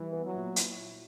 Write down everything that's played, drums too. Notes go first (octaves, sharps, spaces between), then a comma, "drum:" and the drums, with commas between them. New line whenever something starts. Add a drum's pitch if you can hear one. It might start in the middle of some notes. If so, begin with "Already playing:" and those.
Already playing: E3 G3
B3
F#3
A#2
E4, drum: hi-hat